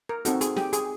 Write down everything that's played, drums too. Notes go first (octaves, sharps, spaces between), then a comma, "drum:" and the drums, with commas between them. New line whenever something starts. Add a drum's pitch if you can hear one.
A#4
C4 D#4 F#4 A4, drum: hi-hat
G#4, drum: hi-hat
G4, drum: snare
G#4, drum: hi-hat